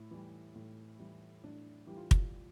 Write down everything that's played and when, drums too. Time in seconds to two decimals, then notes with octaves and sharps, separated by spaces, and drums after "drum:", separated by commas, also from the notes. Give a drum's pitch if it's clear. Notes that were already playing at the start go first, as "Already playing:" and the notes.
Already playing: A2 E4
0.11 E3 G3
0.56 A2
0.99 E3 G3
1.43 A2 D4
1.87 E3 G3 G4
1.97 F4
2.11 drum: kick